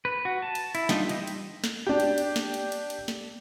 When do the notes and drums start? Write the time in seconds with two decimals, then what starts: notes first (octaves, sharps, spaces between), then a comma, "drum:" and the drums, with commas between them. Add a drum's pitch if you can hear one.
0.05 B4
0.25 F#4
0.42 A5
0.55 drum: cymbal
0.75 E4, drum: cymbal
0.89 G3 D4 D#4 F4, drum: snare
1.09 E3 G4 D#5, drum: cymbal
1.27 drum: cymbal
1.64 drum: snare
1.87 D4 G4
2.00 drum: cymbal
2.18 drum: cymbal
2.36 drum: snare
2.54 drum: cymbal
2.72 drum: cymbal
2.90 drum: cymbal
3.08 drum: snare